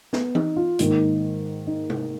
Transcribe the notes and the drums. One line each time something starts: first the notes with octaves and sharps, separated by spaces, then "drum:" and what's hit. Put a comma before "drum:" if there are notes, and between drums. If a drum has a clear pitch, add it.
B3, drum: snare
D#4, drum: tom E3
F4
G#2 D#3 A#3 D#4, drum: hi-hat
D#4
drum: tom C3